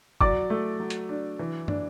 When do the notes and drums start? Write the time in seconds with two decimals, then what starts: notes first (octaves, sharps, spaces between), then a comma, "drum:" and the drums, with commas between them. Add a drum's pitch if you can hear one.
0.21 F#3 D5 D6, drum: kick
0.50 A3
0.80 F#3
0.90 drum: hi-hat
1.09 D4
1.39 E3
1.68 D4, drum: tom